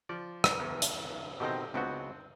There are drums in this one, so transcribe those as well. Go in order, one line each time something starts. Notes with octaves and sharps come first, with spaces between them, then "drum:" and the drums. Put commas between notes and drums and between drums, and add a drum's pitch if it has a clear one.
F3 D5
drum: rim click
E2
drum: hi-hat
B2 D#3 C4 G4 A4 D#5
C#2 B3 C4 D4 F#4 F#5